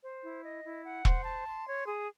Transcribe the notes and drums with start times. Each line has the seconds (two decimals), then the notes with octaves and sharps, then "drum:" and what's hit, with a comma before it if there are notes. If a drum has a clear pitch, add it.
0.02 C5
0.22 E4
0.43 D#5
0.64 E4
0.84 F#5
1.05 C5, drum: kick E1
1.25 A5
1.46 C6
1.67 C#5
1.87 G#4